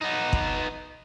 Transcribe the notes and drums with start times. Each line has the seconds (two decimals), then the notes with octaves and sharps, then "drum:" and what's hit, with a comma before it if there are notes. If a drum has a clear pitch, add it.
0.01 B3 D#4
0.33 drum: kick